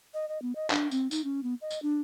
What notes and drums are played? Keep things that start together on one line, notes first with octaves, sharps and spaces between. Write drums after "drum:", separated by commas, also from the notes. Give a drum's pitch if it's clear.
D#5
D#5
B3
D#5
D4, drum: clap
C4, drum: tambourine
D#4, drum: tambourine
C#4
B3
D#5
drum: tambourine
D4